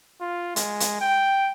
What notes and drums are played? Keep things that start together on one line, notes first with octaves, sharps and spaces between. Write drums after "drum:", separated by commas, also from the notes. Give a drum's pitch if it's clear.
F4
G#3, drum: hi-hat
drum: hi-hat
G5